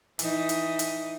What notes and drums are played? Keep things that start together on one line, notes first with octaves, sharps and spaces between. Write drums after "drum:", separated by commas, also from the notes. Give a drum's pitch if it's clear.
E3 D#4, drum: hi-hat
drum: hi-hat
drum: hi-hat